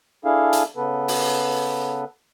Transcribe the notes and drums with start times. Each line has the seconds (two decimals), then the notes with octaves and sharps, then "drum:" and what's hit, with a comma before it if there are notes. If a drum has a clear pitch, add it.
0.25 D4 E4 G#4 A4 F5
0.53 drum: hi-hat
0.77 C#3 B3 A4 B4
1.08 drum: open hi-hat